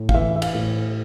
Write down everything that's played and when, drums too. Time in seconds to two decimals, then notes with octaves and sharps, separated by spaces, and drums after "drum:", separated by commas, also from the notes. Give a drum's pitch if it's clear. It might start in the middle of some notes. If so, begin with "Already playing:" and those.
Already playing: A2
0.09 F5, drum: kick G#1
0.14 E3 E5
0.36 E5
0.42 F5, drum: cymbal
0.55 A2